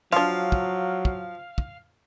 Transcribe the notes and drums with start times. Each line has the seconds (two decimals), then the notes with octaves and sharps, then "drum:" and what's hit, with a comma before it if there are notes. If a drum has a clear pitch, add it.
0.13 F3 F#3 D4 F4 F5
0.52 drum: kick
1.05 drum: kick
1.58 drum: kick